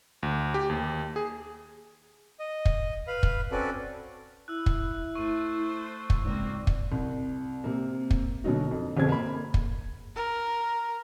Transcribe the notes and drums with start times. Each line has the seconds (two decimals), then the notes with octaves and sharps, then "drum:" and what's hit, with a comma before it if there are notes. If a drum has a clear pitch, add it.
0.23 D2
0.54 G4
0.70 D#2
1.16 G#4
2.39 D#5
2.65 drum: kick
3.07 B4 F5 B5
3.23 drum: kick
3.52 C4 C#4 F#4 A4 B4 D5
4.48 E4 E6 F#6
4.66 drum: kick
5.15 A3 C5 C#6 D#7
6.10 drum: kick
6.25 C#2 G#2 A#3 C4 D5
6.67 drum: kick
6.92 C2
7.64 C3 A#3
8.11 drum: kick
8.44 B2 D3 F#3 A#3 D#4 F#4
8.71 F2
8.97 G1 F2 B2 C4 G#4 G#6
9.09 A#3 B5
9.54 drum: kick
10.16 A#4